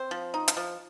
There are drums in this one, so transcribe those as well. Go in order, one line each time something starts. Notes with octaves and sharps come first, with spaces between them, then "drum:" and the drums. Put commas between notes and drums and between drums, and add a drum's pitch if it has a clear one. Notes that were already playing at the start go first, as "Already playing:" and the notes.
Already playing: C4 C5
F3
D#4
drum: hi-hat
F3